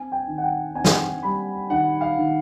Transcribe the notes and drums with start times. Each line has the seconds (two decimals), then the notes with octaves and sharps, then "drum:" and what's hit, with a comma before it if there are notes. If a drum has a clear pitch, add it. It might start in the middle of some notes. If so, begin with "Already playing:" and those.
Already playing: C4 G#5
0.12 G5
0.27 D#3
0.38 F#5
0.44 G5
0.75 C4 G#5
0.84 drum: snare
1.23 G3 B5
1.70 D#3 F#5
2.01 F5
2.17 D#3